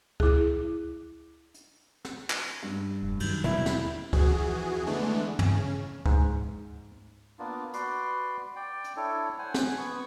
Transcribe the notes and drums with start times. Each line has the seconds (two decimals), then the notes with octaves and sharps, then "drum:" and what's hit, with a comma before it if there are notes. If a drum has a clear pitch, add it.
0.20 E4 G#4, drum: kick C#2
1.54 drum: hi-hat
2.05 drum: snare
2.30 drum: clap
2.63 G2
3.03 F1
3.20 F#2 D#3, drum: cymbal
3.44 D#2 B2 D3 F#3 G#3 A#3 E4
3.66 drum: snare
4.13 F2 E3 F#4 G#4, drum: kick C#2
4.86 D3 E3 G#3 A3 B3 D4
5.39 C#3 C#4, drum: tom
6.06 G#2, drum: kick C#2
7.39 A#3 B3 D4 F4
7.73 F#4 B4 D5 C6, drum: hi-hat
8.56 D5 G5
8.84 drum: hi-hat
8.97 D4 E4 A4 C#5
9.38 C5 F#5 G#5
9.54 drum: snare
9.78 B3 C#6